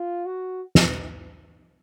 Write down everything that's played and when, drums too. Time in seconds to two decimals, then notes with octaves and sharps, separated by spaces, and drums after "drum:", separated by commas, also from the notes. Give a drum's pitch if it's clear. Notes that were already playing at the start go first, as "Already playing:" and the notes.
Already playing: F4
0.26 F#4
0.75 drum: snare